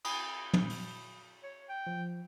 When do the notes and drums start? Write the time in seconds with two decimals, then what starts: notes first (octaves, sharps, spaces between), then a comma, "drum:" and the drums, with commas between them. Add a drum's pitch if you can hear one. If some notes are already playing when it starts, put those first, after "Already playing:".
0.05 B5 D#6, drum: cymbal
0.54 drum: tom
0.70 drum: open hi-hat
1.43 C#5
1.69 G5
1.87 F3